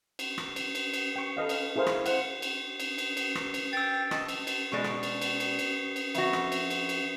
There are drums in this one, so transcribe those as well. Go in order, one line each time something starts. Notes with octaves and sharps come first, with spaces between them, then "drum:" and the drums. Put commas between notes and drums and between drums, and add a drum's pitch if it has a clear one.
drum: cymbal
drum: rim click
drum: cymbal
drum: cymbal
drum: cymbal
G5 C#6
A4 B4 D#5 F5
drum: cymbal
E4 G#4 A#4 C5 F5
drum: rim click
C5 F#5, drum: cymbal
drum: cymbal
drum: cymbal
drum: cymbal
drum: cymbal
drum: rim click
drum: cymbal
G5 E6 A6
D#5 A5, drum: rim click
drum: cymbal
drum: cymbal
B2 G#3 D5 C#6
drum: rim click
drum: cymbal
drum: cymbal
drum: cymbal
drum: cymbal
drum: cymbal
F2 F#4 E5, drum: cymbal
drum: rim click
drum: cymbal
drum: cymbal
drum: cymbal